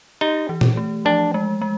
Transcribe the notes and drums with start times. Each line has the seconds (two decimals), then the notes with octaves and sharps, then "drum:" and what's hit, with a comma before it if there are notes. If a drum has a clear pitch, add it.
0.21 D#4 G4
0.49 E3
0.61 drum: tom A#2
0.77 A3
1.05 F3 D4
1.34 G#3
1.61 G#3